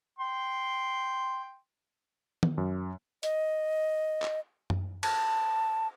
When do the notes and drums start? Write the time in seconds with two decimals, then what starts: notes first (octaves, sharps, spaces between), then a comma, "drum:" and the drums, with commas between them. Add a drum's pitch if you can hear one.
0.19 G5 C6
2.43 drum: tom D#3
2.58 F#2
3.23 D#5, drum: hi-hat
4.22 drum: clap
4.70 drum: tom F#2
5.03 A5, drum: cymbal